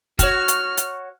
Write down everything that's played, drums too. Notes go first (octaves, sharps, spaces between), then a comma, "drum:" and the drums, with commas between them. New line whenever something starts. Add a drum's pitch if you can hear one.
F#4 C#5 F6, drum: kick, hi-hat
drum: hi-hat
drum: hi-hat